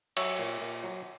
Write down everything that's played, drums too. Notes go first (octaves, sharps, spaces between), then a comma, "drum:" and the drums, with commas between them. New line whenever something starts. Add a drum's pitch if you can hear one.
F#3 C#5 E5, drum: cymbal
A#2
A#2
F#3